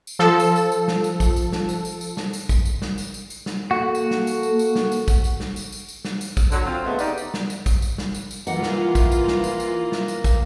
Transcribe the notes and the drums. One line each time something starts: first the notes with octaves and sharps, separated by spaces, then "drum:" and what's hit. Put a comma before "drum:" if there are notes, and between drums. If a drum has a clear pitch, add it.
drum: tambourine
F3 A4
drum: tambourine
drum: tambourine
drum: tambourine
drum: snare
drum: tambourine
drum: kick, tambourine
drum: tambourine
drum: snare
drum: tambourine
drum: tambourine
drum: tambourine
drum: snare
drum: tambourine
drum: kick, tambourine
drum: tambourine
drum: snare
drum: tambourine
drum: tambourine
drum: tambourine
drum: snare
A#3 F#4 A4
drum: tambourine
drum: snare
drum: tambourine
drum: tambourine
drum: tambourine
drum: snare
drum: tambourine
drum: kick, tambourine
drum: tambourine
drum: snare
drum: tambourine
drum: tambourine
drum: tambourine
drum: snare
drum: tambourine
drum: kick, tambourine
D3 F#3, drum: tambourine
C4 F4
D2 C#3 G#3 A3 B3
D#4 G4 D5, drum: tambourine
drum: tambourine
drum: snare
drum: tambourine
drum: kick, tambourine
drum: tambourine
drum: snare
drum: tambourine
drum: tambourine
E3 A#3 F4 F#5, drum: tambourine
drum: snare
drum: kick, tambourine
drum: tambourine
drum: snare
drum: tambourine
drum: tambourine
drum: snare
drum: tambourine
drum: kick, tambourine